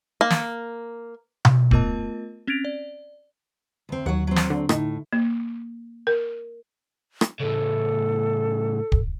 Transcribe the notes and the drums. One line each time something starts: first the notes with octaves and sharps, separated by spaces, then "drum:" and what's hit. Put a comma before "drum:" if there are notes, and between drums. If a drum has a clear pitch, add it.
A#3
drum: snare
drum: tom B2
A3 B3 F4 A#4 D#5 A5, drum: kick
C4 C#4 G#6 A6 D7 F7
D5
D2 C4
D#2 F#3 C#5 F#5
F#3 C4
drum: snare
D3
A2 D#4, drum: rim click
A#3
A#4
drum: rim click
A2 C#3 A4
drum: kick